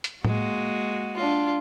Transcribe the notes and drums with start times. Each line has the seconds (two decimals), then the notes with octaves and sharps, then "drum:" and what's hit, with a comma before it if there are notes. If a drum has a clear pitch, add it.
0.04 drum: hi-hat
0.25 G#3 A#3 F#4, drum: tom A2
1.16 D4 F4